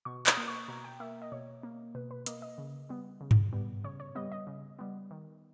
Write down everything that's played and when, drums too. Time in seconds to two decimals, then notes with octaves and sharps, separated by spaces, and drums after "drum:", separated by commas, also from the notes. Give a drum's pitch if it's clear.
0.05 B2 C#6
0.27 D#6, drum: clap
0.37 A#3
0.48 C#6
0.68 B2 A#5
0.84 G5
1.00 A#3 E5
1.22 D#5
1.32 B2 C#5
1.63 A#3
1.95 B2 B4
2.11 B4
2.26 A#3 D#5, drum: hi-hat
2.42 D#5
2.58 C#3
2.89 G3 B3
3.21 C#3
3.31 drum: tom G2
3.53 G3 B3
3.84 C#3 C#5
4.00 C#5
4.15 G3 B3 D#5
4.32 D#5
4.47 C#3
4.79 G3 B3
5.11 D#3